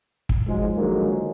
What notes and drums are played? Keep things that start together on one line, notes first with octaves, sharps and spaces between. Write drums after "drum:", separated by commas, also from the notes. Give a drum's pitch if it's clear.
drum: kick
G#2 F3 F#3 G#3
D3 D#3 F3 F#3 G#3 A#3